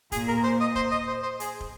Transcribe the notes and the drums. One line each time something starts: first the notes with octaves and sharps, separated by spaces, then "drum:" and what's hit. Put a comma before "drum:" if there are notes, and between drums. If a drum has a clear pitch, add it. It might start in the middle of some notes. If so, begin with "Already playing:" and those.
A#2 G#4, drum: kick, hi-hat
A#4
C5
D#5
C5, drum: kick
D#5
C5
C5
G#4, drum: hi-hat
drum: kick